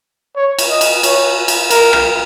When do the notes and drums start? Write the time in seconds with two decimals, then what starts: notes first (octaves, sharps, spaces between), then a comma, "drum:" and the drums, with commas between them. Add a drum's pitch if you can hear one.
0.36 C#5
0.59 drum: cymbal
0.70 D#5
0.81 drum: cymbal
1.03 C#5, drum: cymbal
1.48 drum: cymbal
1.70 A#4, drum: cymbal
1.93 drum: rim click